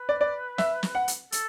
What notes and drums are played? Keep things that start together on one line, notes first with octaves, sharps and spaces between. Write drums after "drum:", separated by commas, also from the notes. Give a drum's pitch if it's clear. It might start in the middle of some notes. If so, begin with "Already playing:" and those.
Already playing: B4
D5
D5
E5, drum: snare
drum: snare
F#5
drum: hi-hat
A4, drum: hi-hat